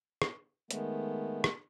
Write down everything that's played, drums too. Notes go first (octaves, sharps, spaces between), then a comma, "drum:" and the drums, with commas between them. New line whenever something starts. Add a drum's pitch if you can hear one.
drum: rim click
D#3 G#3 A3 B3, drum: hi-hat
drum: rim click